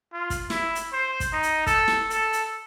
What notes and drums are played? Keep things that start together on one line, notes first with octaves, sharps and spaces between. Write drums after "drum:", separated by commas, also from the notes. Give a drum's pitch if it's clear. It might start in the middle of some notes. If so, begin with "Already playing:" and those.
F4
drum: kick, hi-hat
E4, drum: snare
drum: hi-hat
C5
drum: kick, hi-hat
D#4
drum: hi-hat
A4, drum: kick, hi-hat
drum: snare
A4, drum: hi-hat
drum: hi-hat